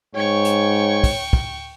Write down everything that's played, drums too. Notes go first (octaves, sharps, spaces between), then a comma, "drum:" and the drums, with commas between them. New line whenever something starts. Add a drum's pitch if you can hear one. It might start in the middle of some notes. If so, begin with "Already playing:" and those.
G#2 C#5 G5 C#6
drum: hi-hat
drum: kick, open hi-hat
drum: kick